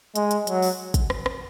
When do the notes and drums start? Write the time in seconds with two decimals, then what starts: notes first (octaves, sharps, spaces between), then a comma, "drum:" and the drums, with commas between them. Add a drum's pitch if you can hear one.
0.15 G#3, drum: hi-hat
0.31 drum: hi-hat
0.47 F#3, drum: hi-hat
0.62 drum: open hi-hat
0.94 drum: kick, hi-hat
1.10 drum: rim click
1.26 drum: rim click